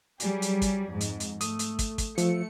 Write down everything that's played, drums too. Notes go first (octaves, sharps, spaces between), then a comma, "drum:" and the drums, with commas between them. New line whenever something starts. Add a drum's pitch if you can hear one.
F#3 G3 G#4, drum: hi-hat
drum: hi-hat
drum: kick, hi-hat
F2 G#2
drum: hi-hat
drum: hi-hat
A3 D#6, drum: hi-hat
drum: hi-hat
drum: kick, hi-hat
drum: kick, hi-hat
F3 A3 C#7, drum: hi-hat